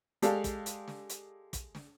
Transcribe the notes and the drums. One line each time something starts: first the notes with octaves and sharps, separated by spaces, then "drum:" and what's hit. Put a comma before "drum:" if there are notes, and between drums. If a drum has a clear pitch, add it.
G#3 G4 A4 D5 F5, drum: hi-hat
drum: kick, hi-hat
drum: hi-hat
drum: snare
drum: hi-hat
drum: kick, hi-hat
drum: snare